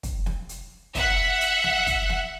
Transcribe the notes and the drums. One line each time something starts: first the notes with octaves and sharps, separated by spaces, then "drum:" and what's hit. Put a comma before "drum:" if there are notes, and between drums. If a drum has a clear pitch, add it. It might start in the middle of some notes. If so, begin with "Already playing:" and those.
drum: kick, hi-hat
drum: snare
drum: hi-hat
E5 F#5, drum: kick, hi-hat
drum: hi-hat
drum: snare
drum: kick, hi-hat
drum: snare